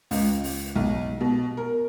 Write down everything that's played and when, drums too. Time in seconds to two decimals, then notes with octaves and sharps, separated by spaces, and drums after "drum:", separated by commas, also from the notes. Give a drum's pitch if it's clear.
0.11 C#2, drum: open hi-hat
0.44 drum: open hi-hat
0.76 B1, drum: kick
1.21 B2
1.57 A#4